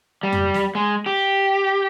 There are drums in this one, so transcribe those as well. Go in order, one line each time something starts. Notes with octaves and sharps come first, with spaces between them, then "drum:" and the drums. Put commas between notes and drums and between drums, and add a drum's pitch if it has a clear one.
G3
drum: tom F2
drum: snare
G#3
G4